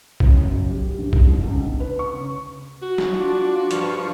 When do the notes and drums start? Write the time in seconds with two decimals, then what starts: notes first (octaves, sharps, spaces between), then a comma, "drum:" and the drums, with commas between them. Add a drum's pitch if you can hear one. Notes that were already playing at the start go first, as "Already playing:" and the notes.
0.20 C#3, drum: kick B1
0.43 F#2
0.71 G4
0.98 A#1
1.13 drum: kick B1
1.25 C2
1.44 C#2
1.66 D4
1.80 B4
1.99 C#6
2.13 C#3
2.82 F#4
2.98 drum: snare
3.20 D4 F4
3.71 G2 F3 C#6, drum: hi-hat